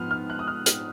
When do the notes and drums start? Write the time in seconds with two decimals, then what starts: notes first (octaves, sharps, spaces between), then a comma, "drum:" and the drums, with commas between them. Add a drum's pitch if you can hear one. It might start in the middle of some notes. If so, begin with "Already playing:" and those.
Already playing: G#2 F3 B3 F6
0.11 F6
0.30 F#6
0.39 D#6
0.47 F6
0.66 F6, drum: hi-hat